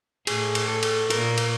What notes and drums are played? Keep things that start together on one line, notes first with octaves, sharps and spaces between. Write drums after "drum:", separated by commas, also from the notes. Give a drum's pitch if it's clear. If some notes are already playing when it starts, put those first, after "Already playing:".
A2 G#4, drum: cymbal
drum: cymbal
A4
drum: cymbal
A#2 A#4, drum: cymbal
drum: cymbal